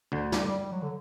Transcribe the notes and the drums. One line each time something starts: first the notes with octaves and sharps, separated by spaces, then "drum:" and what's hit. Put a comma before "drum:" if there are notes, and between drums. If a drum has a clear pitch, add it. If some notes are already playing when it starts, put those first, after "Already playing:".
D2 D3
G3, drum: snare
G3
G3
F#3
D3